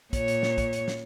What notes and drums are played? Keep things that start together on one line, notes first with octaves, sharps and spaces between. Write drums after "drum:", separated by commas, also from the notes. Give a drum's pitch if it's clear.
A#2 C#5, drum: kick, hi-hat
drum: hi-hat
drum: snare
drum: kick, hi-hat
drum: hi-hat
drum: snare